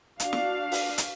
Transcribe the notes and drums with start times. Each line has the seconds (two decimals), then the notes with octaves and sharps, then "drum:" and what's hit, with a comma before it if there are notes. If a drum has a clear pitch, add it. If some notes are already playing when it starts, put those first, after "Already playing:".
0.20 D4 F#4 F5, drum: hi-hat
0.33 drum: snare
0.72 drum: open hi-hat
0.98 drum: hi-hat